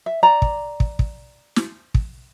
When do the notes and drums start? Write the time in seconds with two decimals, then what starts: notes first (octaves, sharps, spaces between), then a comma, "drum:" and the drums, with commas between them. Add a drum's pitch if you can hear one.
0.06 E5
0.23 D5 A#5
0.42 drum: kick
0.80 drum: kick
0.99 drum: kick
1.56 drum: snare
1.94 drum: kick